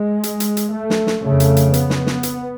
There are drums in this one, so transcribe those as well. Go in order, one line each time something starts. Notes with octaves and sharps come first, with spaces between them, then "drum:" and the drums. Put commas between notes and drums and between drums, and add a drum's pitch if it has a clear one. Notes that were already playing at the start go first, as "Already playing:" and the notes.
Already playing: G#3
drum: hi-hat
drum: hi-hat
drum: hi-hat
A3
drum: snare
drum: snare
F2 C#3 A3
drum: hi-hat
drum: hi-hat
B3, drum: hi-hat
drum: snare
drum: snare
drum: hi-hat